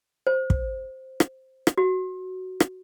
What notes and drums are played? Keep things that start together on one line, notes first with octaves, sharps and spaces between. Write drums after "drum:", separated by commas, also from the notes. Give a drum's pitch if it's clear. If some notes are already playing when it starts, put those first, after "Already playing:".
C5
drum: kick
drum: rim click
drum: rim click
F#4
drum: rim click